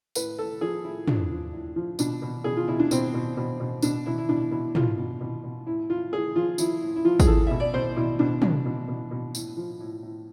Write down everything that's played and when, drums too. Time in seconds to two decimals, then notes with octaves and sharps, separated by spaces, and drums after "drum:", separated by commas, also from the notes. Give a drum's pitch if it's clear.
0.15 A2 B4, drum: tambourine
0.38 A2 A4
0.61 F3 G#4
0.84 A2 E4
1.08 F3 D4, drum: tom
1.30 F3
1.53 A2
1.76 F3
1.99 B2 D4, drum: tambourine
2.22 B2
2.44 B2 G#4
2.57 F4
2.68 B2 E4
2.80 D4
2.91 B2 C4, drum: tambourine
3.14 B2
3.37 B2
3.60 B2
3.82 B2 D4, drum: tambourine
4.06 B2 E4
4.18 E4
4.29 B2 D4
4.51 B2 E4
4.75 B2 F4, drum: tom
4.98 B2
5.21 B2
5.44 B2
5.66 A2 E4
5.90 A2 F4
6.12 A2 G#4
6.36 F3 F4
6.58 F3 E4, drum: tambourine
6.81 A2
6.96 E4
7.05 F3 F4
7.20 G#4, drum: kick, tambourine
7.27 A2 A4
7.47 B2 E5
7.60 D5
7.74 B2 C5
7.96 B2 E4
8.19 B2 D4
8.42 B2 D4, drum: tom
8.65 B2
8.88 B2
9.11 B2
9.35 A2, drum: tambourine
9.57 F3
9.80 A2
10.03 A2